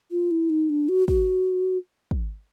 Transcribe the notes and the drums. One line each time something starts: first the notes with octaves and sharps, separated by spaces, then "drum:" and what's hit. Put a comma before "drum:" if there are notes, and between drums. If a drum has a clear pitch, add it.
F4
E4
D#4
D4
F#4
F#4, drum: kick
drum: kick